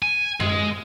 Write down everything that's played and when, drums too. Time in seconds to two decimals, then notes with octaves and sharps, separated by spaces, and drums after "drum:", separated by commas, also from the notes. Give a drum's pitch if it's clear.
0.02 G#5
0.40 G#3, drum: tom F#2